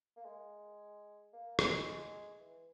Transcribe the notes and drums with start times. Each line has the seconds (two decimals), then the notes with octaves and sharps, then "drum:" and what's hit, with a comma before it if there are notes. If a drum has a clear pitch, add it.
0.17 A#3
0.25 G#3
1.33 A#3
1.59 G#3, drum: rim click
2.40 E3